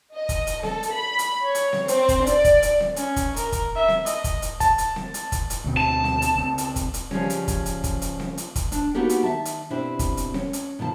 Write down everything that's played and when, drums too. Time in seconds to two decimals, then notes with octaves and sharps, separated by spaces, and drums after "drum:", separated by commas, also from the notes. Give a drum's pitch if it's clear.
0.16 D#5
0.29 drum: kick, hi-hat
0.47 drum: hi-hat
0.63 A4, drum: snare C4
0.83 drum: hi-hat
0.93 B5
1.19 drum: hi-hat
1.44 C#5
1.55 drum: hi-hat
1.73 drum: snare C4
1.88 C4, drum: hi-hat
2.09 drum: kick, hi-hat
2.27 D5, drum: hi-hat
2.45 drum: kick, hi-hat
2.62 drum: hi-hat
2.80 drum: snare C4
2.96 C#4, drum: hi-hat
3.16 drum: kick, hi-hat
3.36 A#4, drum: hi-hat
3.52 drum: kick, hi-hat
3.76 E5
3.88 drum: snare C4
4.06 D#5, drum: hi-hat
4.24 drum: kick, hi-hat
4.42 drum: hi-hat
4.60 A5, drum: kick, hi-hat
4.78 drum: hi-hat
4.96 drum: snare C4
5.14 drum: hi-hat
5.32 drum: kick, hi-hat
5.50 drum: hi-hat
5.64 D2 B2 C4
5.77 A5
6.04 drum: snare C4
6.22 drum: hi-hat
6.36 C#2 C4
6.58 drum: hi-hat
6.76 drum: kick, hi-hat
6.94 drum: hi-hat
7.11 C#3 F3 G3 C#4, drum: snare C4
7.30 drum: hi-hat
7.48 drum: kick, hi-hat
7.66 drum: hi-hat
7.84 drum: kick, hi-hat
8.02 drum: hi-hat
8.20 drum: snare C4
8.38 drum: hi-hat
8.56 drum: kick, hi-hat
8.72 D4, drum: hi-hat
8.94 A#3 B3 D#4 F#4 G4 A#4
9.09 drum: hi-hat
9.23 D#3 E5 A5
9.45 drum: hi-hat
9.70 B2 C4 D4 E4 G4
9.99 drum: kick, hi-hat
10.17 drum: hi-hat
10.34 C#4, drum: snare C4
10.53 drum: hi-hat
10.79 B2 D#3 F4 A5